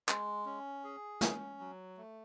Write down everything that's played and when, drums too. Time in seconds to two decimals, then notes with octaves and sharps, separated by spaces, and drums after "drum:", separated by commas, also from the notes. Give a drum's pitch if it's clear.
0.09 G#3, drum: clap
0.46 C#4
0.84 G#4
1.21 C#4, drum: snare
1.59 F#3
1.97 A3